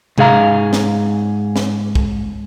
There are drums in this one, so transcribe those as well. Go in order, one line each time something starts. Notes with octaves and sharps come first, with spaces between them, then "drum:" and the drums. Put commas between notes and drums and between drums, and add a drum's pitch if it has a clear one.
G#2 G#4 F5 A#5, drum: tom C3
drum: snare
drum: snare
drum: kick